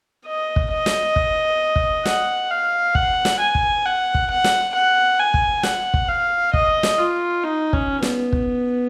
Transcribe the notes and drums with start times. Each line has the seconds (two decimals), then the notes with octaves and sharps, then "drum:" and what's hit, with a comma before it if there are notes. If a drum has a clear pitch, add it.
0.26 D#5
0.56 drum: kick
0.72 D#5
0.86 drum: snare
1.16 drum: kick
1.76 drum: kick
2.05 F#5, drum: snare
2.50 F5
2.95 F#5, drum: kick
3.25 drum: snare
3.40 G#5
3.55 drum: kick
3.85 F#5
4.14 drum: kick
4.30 F#5
4.44 drum: snare
4.74 F#5
5.19 G#5
5.34 drum: kick
5.63 F#5, drum: snare
5.94 drum: kick
6.08 F5
6.54 D#5, drum: kick
6.83 drum: snare
6.98 F4
7.43 D#4
7.73 C#4, drum: kick
8.02 B3, drum: snare
8.33 drum: kick